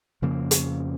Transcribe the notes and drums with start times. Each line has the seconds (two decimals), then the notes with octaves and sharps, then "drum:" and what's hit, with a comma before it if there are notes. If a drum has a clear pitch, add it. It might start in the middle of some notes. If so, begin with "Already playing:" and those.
0.22 F2 C#3 F3 A#3
0.51 drum: hi-hat